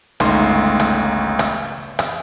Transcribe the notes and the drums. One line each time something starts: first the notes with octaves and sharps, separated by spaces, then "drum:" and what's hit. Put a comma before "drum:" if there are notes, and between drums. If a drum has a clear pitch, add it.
G1 C#2 A3 D#4 C6, drum: rim click
drum: rim click
drum: rim click
drum: rim click